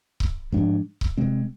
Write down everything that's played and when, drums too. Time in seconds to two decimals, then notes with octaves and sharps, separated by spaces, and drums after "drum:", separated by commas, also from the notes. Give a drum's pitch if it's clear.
0.20 drum: kick C#1
0.52 G#2 F3 G#3 D4
1.01 drum: kick C#1
1.17 C3 G#3 C4